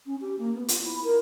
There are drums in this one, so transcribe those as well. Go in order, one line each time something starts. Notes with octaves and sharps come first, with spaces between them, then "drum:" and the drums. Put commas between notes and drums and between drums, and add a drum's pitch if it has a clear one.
C#4
G4
A#3
B3
F4, drum: hi-hat
E4
A#4